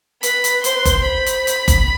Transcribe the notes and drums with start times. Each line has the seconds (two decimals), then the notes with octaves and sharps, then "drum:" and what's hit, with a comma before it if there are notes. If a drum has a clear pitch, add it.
0.23 B4 B5, drum: hi-hat
0.44 drum: hi-hat
0.64 C5 C6, drum: hi-hat
0.76 B4
0.85 C5, drum: kick F#1, hi-hat
1.05 B5
1.26 drum: hi-hat
1.47 drum: hi-hat
1.68 drum: kick F#1, hi-hat